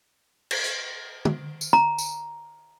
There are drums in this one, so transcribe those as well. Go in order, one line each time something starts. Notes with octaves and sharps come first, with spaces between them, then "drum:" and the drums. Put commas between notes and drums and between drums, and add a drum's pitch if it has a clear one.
drum: cymbal
drum: hi-hat
drum: tom
drum: tambourine
A#5
drum: tambourine